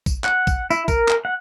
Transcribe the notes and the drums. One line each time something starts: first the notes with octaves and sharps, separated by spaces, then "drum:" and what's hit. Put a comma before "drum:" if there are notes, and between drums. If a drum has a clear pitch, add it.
drum: kick, tambourine
F#5, drum: clap
drum: kick, tambourine
E4, drum: tambourine
A#4, drum: kick, tambourine
drum: clap
F#5